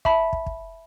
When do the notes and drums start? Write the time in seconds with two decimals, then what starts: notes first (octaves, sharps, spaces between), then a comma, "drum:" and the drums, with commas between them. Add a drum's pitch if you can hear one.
0.05 E5 A5 B5 B6, drum: kick
0.33 drum: kick
0.46 drum: kick